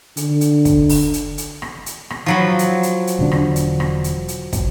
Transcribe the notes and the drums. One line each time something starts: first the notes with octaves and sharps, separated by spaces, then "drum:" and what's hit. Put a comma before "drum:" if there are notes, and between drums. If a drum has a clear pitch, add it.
D3, drum: hi-hat
drum: hi-hat
drum: kick, hi-hat
drum: open hi-hat
drum: hi-hat
drum: hi-hat
drum: rim click
drum: hi-hat
drum: rim click
F3 F#3 B5
drum: hi-hat
drum: hi-hat
drum: hi-hat
E1 D3 D4
drum: rim click
drum: hi-hat
drum: rim click
drum: hi-hat
drum: hi-hat
drum: kick, hi-hat